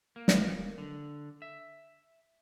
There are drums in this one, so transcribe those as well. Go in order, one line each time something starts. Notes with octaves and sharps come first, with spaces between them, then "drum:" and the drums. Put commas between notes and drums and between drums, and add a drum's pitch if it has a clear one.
A#3
drum: snare
D3
E5